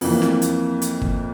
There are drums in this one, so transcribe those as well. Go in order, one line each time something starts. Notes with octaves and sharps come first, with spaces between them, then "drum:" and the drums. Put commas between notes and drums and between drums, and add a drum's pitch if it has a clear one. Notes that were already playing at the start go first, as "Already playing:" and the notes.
F2 E3 A#3, drum: open hi-hat
drum: snare
drum: hi-hat
drum: hi-hat
drum: kick